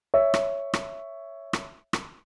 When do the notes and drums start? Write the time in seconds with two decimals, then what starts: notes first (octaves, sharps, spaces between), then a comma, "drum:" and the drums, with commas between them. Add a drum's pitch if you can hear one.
0.14 C#5 E5
0.34 drum: rim click
0.73 drum: rim click
1.53 drum: rim click
1.93 drum: rim click